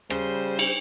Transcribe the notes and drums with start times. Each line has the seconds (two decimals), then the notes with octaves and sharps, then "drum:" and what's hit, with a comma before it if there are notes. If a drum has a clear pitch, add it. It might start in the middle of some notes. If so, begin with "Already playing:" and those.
0.10 C#3 G3 C5, drum: rim click
0.59 drum: cymbal